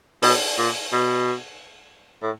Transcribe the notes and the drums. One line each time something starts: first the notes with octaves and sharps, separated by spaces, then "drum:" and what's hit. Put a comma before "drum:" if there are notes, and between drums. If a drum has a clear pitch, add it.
B2, drum: open hi-hat
A#2
B2
A2